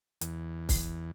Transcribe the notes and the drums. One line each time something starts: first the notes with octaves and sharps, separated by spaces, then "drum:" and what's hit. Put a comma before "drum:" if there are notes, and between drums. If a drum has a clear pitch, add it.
E2, drum: hi-hat
drum: kick, open hi-hat